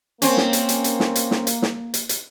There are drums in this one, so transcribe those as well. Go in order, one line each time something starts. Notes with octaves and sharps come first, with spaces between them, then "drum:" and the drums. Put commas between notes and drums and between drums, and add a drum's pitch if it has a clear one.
A#3 C4 C#4, drum: hi-hat
drum: snare
drum: hi-hat
drum: hi-hat
drum: hi-hat
drum: snare
drum: hi-hat
drum: snare
drum: hi-hat
drum: snare
drum: hi-hat
drum: hi-hat